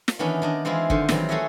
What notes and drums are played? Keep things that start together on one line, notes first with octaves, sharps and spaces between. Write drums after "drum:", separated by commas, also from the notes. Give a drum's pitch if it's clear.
drum: snare
D#3 E3 B3 C#4 D4
D#3 D4 D#5
E3 G#3 C4 E4 F4
D3 D#3 C5, drum: kick
D#3 E3 F#3 G3 C4, drum: snare
A3 F#4 G#4 C#5 D#5 E5